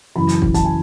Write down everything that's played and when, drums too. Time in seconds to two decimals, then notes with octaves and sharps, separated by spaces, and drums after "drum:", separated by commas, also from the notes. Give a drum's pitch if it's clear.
0.16 F#2 C#3 E3 B5
0.29 drum: hi-hat
0.42 drum: kick
0.54 A5, drum: kick, hi-hat
0.65 G#5